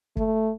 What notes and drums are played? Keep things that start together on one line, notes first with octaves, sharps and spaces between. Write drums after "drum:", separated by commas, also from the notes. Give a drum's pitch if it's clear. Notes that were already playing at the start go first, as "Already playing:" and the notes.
A3, drum: kick